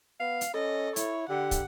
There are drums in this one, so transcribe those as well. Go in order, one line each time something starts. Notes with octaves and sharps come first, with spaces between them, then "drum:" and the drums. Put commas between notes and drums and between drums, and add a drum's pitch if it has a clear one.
B3 F5
drum: hi-hat
C#4 A4 D#5
E4 C#5, drum: hi-hat
D3 G4 F#5
drum: kick, hi-hat